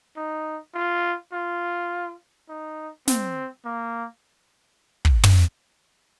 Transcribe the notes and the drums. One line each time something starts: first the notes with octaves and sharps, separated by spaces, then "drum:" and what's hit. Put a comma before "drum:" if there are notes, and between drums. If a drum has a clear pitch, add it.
D#4
F4
F4
D#4
C4, drum: snare
A#3
drum: kick
drum: tom